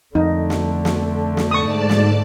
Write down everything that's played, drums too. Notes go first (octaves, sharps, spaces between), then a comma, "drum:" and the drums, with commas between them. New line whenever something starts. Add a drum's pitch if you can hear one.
F2 D3 A3 D#4
drum: snare
drum: snare
drum: snare
G#2 D5 A5 C#6 D#6
drum: snare